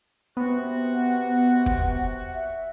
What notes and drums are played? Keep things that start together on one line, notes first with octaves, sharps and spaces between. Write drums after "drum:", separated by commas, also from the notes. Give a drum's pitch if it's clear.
C3 B3 F#4
F#5
drum: kick
E5